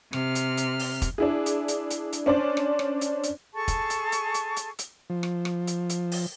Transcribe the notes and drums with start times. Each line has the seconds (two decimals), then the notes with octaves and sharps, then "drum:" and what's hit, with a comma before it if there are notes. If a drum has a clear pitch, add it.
0.13 C3 F6, drum: rim click
0.35 drum: hi-hat
0.57 drum: hi-hat
0.79 drum: open hi-hat
1.02 drum: kick, hi-hat
1.18 D4 E4 G#4
1.46 drum: hi-hat
1.68 drum: hi-hat
1.90 drum: hi-hat
2.12 drum: hi-hat
2.26 C#4 D4 C5 D5
2.57 drum: rim click
2.79 drum: rim click
3.01 drum: hi-hat
3.23 drum: hi-hat
3.54 G#4 A4 A5 C#6
3.68 drum: kick, hi-hat
3.90 drum: hi-hat
4.12 drum: hi-hat
4.34 drum: hi-hat
4.56 drum: hi-hat
4.79 drum: hi-hat
5.10 F3
5.23 drum: rim click
5.45 drum: rim click
5.67 drum: hi-hat
5.89 drum: hi-hat
6.12 drum: open hi-hat